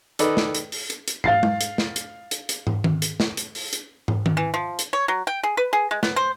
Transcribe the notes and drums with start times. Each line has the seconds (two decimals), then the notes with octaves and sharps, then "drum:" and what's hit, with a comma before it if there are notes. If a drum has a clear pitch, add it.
0.19 D#3 A4 B4 D5 D#5, drum: hi-hat
0.37 drum: snare
0.55 drum: hi-hat
0.72 drum: open hi-hat
0.90 drum: hi-hat
1.08 drum: hi-hat
1.24 F5 A6 C7, drum: tom
1.43 drum: tom G#3
1.61 drum: hi-hat
1.78 drum: snare
1.96 drum: hi-hat
2.31 drum: hi-hat
2.49 drum: hi-hat
2.67 drum: tom
2.84 drum: tom D#3
3.02 drum: hi-hat
3.20 drum: snare
3.37 drum: hi-hat
3.55 drum: open hi-hat
3.73 drum: hi-hat
4.08 drum: tom
4.26 drum: tom D#3
4.37 E3
4.54 F3
4.79 drum: hi-hat
4.93 C#5
5.08 F#3
5.27 G5
5.43 G#4
5.57 B4
5.73 G#4
5.91 G#3
6.03 B3, drum: snare
6.16 C5